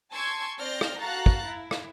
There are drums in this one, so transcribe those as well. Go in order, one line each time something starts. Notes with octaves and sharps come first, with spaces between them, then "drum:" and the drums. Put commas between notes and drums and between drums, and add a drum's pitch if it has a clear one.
G#5 A5 C6 C#6 E6 G#6
C4 C5 D5 F6 G6 A#6
drum: rim click
F#4 A4 F5 A#5 F#6 A6
drum: kick
E4
drum: rim click